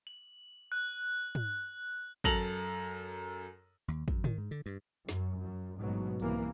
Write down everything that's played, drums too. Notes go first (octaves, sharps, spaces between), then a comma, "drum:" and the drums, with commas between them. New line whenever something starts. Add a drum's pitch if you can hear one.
F#7
F#6
drum: tom
F#2 A4 A5 A#6 F7 F#7, drum: kick
drum: hi-hat
D#2
F#2, drum: kick
D#3, drum: tom
G#2
D3
G2
F#2, drum: snare
F#2
A1 G#2 B2 F#3
C2 E3 A#3, drum: hi-hat